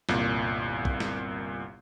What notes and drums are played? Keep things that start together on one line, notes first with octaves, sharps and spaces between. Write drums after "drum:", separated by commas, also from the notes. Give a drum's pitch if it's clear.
G1 C2 A#2, drum: snare
drum: kick
drum: snare